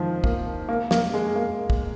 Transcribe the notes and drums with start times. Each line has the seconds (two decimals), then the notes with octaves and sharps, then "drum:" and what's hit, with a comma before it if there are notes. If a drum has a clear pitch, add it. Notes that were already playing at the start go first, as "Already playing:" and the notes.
Already playing: D#3 F3
0.24 A#3, drum: kick
0.69 A#3
0.91 A#3, drum: snare
1.14 G#3
1.36 A#3
1.70 drum: kick